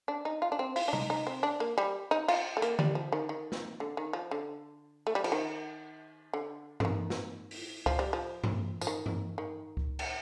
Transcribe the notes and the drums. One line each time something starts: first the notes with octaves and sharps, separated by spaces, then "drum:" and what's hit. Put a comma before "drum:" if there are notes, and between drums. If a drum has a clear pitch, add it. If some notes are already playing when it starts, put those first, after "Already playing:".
D4
D#4
F4
D4
C4
F4, drum: open hi-hat
D4
D#4, drum: tom C3
D#4
C4
D4
A#3
G3
D#4
F4, drum: cymbal
A3
A#3, drum: hi-hat
G3, drum: tom D3
F3
D#3
D#3
drum: snare
D3
D#3
F3
D3
A3
G3
F3, drum: cymbal
D#3
D3
D3, drum: tom G2
D#3
drum: snare
drum: open hi-hat
F3, drum: kick C#2
G3
F3
drum: tom G2
F3, drum: tambourine
D#3
drum: tom G2
D#3
drum: kick C#2
drum: cymbal